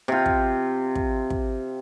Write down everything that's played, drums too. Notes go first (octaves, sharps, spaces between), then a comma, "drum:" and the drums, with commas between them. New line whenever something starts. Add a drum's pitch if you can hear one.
C3 F4
drum: kick
drum: kick
drum: kick